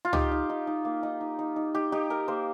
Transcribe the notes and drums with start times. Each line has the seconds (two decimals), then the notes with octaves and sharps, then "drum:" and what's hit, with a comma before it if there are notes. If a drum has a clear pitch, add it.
0.05 F4
0.13 D#4 G4, drum: tom
0.31 D#4
0.50 D#4
0.67 D#4
0.85 A#3
1.03 D#4
1.21 D#4
1.39 D#4
1.56 D#4
1.75 D#4 G4
1.92 D#4 G4
2.10 D#4 A#4
2.28 A#3 C5